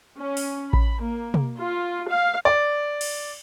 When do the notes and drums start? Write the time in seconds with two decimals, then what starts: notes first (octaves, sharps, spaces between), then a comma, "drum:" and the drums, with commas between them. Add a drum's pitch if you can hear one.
0.19 C#4
0.37 drum: open hi-hat
0.73 B5, drum: kick A1
1.02 A#3
1.34 drum: tom
1.58 F4
2.09 F5
2.45 D5
3.01 drum: cymbal